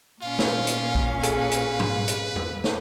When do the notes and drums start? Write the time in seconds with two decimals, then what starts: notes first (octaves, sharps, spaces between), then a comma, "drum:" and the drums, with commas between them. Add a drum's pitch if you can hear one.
0.21 A#2 C#4 F4 F5
0.39 drum: snare
0.67 drum: hi-hat
0.95 drum: kick A#1
1.23 G#4 A4 B4, drum: hi-hat
1.51 drum: hi-hat
1.80 drum: tom G#2
2.08 drum: hi-hat
2.36 drum: tom E2
2.64 drum: snare